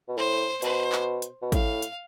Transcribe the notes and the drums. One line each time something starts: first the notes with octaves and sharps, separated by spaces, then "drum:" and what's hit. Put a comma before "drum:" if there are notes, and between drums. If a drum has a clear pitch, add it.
B2
A2 C5
B2 C5, drum: hi-hat
drum: clap
drum: hi-hat
B2
A2 F5, drum: kick, hi-hat
drum: hi-hat